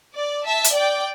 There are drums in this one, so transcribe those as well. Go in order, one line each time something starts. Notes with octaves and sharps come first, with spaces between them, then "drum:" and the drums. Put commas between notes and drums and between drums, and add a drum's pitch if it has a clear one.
D5
E5 A5
drum: hi-hat
D5 G5